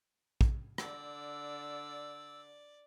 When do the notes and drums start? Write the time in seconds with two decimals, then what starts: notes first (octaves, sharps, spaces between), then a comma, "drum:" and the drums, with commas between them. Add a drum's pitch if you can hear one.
0.41 drum: kick
0.78 D3 D5 E6, drum: rim click